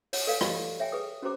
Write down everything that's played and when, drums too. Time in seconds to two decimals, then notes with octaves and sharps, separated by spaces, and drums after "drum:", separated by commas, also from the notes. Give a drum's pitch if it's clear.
0.13 C#5 F#5, drum: open hi-hat
0.27 A4 B4 D5 F5
0.41 G4 D5 D#5, drum: rim click
0.79 C#5 E5 G5 G#5
0.92 G#4 B4 D#6
1.22 C#4 F#4 G4 C5 A#5 D6